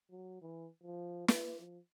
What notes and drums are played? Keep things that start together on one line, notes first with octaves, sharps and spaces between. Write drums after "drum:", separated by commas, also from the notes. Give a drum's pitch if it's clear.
F#3
E3
F3
B4, drum: snare
F3